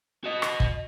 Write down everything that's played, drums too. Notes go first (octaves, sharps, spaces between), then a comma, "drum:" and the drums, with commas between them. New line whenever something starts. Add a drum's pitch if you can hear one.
F#4 D#5
drum: rim click
drum: kick